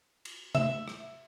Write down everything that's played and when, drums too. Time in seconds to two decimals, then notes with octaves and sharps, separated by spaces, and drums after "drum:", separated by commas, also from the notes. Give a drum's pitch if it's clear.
0.25 drum: cymbal
0.55 E5, drum: tom C3
0.88 drum: rim click